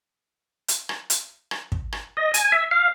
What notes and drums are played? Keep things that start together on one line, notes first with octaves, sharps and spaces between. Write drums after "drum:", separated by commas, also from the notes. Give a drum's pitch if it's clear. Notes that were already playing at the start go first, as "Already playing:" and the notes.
drum: hi-hat
drum: rim click
drum: hi-hat
drum: rim click
drum: kick
drum: rim click
D#5
G#5, drum: hi-hat
E5
F5